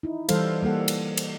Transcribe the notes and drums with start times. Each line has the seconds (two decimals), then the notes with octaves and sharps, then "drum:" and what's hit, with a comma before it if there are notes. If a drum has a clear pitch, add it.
0.03 D#4 E4
0.29 E3 G3 A4 C5 F5, drum: cymbal
0.62 G3 A#3 A4 F#5
0.88 drum: cymbal
1.17 drum: cymbal